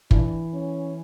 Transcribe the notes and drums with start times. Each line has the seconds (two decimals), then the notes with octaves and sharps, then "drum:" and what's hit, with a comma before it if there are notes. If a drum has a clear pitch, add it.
0.11 E3 D4, drum: kick
0.54 C#4